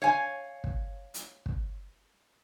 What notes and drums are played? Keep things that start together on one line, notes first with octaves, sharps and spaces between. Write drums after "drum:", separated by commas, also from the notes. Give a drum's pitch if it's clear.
C#5 F5 G#5
drum: kick
drum: hi-hat
drum: kick